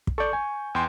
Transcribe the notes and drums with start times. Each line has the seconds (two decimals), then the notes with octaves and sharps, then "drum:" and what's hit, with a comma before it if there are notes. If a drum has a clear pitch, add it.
0.07 drum: kick
0.18 A4 D5 C#6 G6
0.33 G#5
0.75 E2 G5 C6